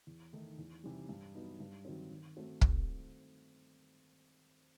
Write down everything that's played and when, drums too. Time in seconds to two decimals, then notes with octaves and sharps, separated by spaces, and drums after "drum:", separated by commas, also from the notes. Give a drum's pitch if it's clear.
0.07 E2
0.33 D#3 A3 D#4
0.58 E2
0.83 C3 E3 G3
1.09 G2
1.35 F#3 B3 D#4
1.60 G2
1.85 D#3 F#3 C4
2.10 D#3
2.36 A3 C4 F#4
2.61 drum: kick